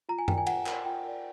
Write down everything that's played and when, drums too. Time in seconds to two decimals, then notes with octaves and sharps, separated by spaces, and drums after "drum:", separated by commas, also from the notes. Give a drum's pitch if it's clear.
0.09 F4 A#5
0.19 G#5
0.28 A#4 D5 G5, drum: tom F#2
0.38 G#5
0.47 F4 F#5, drum: cymbal
0.67 A#4 D5, drum: clap
0.85 F4 G5
1.04 A#4 D5